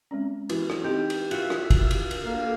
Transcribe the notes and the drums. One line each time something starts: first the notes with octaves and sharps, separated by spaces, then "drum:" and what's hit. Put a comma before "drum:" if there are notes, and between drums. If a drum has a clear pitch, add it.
G#3 C4 C#4
E3 B3 E4 F#4, drum: cymbal
drum: rim click
C4 D#4 G4 D#5
drum: cymbal
F4 F#4 E5, drum: cymbal
drum: rim click
drum: kick, cymbal
drum: cymbal
drum: cymbal
D3 A#3 A4 A#4 F5